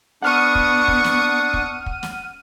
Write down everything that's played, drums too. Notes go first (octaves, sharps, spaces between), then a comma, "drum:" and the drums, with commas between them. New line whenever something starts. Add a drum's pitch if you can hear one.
B3 D4 F#5 C#6 D#6 F6 D#7
drum: kick
drum: kick
drum: snare
drum: kick
drum: kick
drum: snare